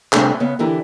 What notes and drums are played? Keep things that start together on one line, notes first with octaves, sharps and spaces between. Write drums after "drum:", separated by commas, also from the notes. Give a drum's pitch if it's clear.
C3 G3 A3 D4 G4 G#4, drum: clap
C#3 B3
D3 E3 E4 G4 A#4